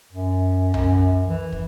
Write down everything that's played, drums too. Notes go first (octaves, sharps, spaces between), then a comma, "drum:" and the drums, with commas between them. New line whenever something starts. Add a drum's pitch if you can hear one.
F#2
F#2, drum: tom C2
E3
drum: kick